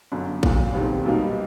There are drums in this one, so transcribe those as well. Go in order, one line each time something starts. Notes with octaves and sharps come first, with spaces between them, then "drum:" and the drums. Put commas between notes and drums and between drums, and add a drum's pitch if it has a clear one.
G1 F#2 D3
C2 A#2 F#3, drum: kick G#1
F1 E2 C3 D#3
B1 B2 G3 A#3 D#4